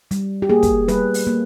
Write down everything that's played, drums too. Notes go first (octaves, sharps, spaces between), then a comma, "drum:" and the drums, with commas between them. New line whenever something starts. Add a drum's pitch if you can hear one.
G3, drum: hi-hat
G4
A#3 G#4
drum: kick, hi-hat
G3 B4, drum: hi-hat
drum: open hi-hat
A#3